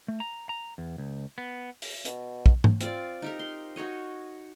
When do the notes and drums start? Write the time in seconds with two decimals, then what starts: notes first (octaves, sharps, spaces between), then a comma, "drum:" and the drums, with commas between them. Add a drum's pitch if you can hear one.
0.08 A3
0.20 A#5
0.49 A#5
0.78 E2
0.98 C#2
1.38 B3
1.82 drum: open hi-hat
2.05 B2, drum: hi-hat
2.46 drum: kick
2.64 drum: tom G#2
2.81 C4 F4 D5, drum: hi-hat
3.22 D#4 G4 A#4
3.39 C6
3.76 D#4 F#4 C#5 D#5